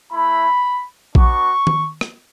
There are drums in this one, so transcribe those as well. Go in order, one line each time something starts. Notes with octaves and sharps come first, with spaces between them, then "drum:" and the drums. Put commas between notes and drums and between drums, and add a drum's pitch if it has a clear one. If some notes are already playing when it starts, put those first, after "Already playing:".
A3 E4 B5
B3 D4 F#4 C#6, drum: kick A#1
drum: tom D#3
drum: rim click